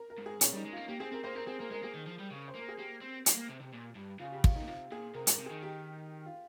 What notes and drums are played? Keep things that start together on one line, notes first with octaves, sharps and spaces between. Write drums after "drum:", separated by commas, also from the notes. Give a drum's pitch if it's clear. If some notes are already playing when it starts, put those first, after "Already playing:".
Already playing: A#4
A#4
G#2
G#4
A#2 C#4, drum: hi-hat
G3
D#4
G#3
A#3 F4
A#3 G4
C4 G#4
C4 A#4
A#3 C5
C4 A#4
C4 G#4
A#3 A#4
G#3 A#4
A#3 G#4
D#3
F3
G3
C#3
C5
A#3 A#4
G#4
A#3 G4
C4
A#3, drum: hi-hat
A#3
C3
C3
A#2
G2
C#3 F4
G4
F4, drum: kick
D#4
A#2
C3 F4
A#2 G#4
C3 A#4
G#2, drum: hi-hat
A#4
C3
D#3 G#4
G4
F4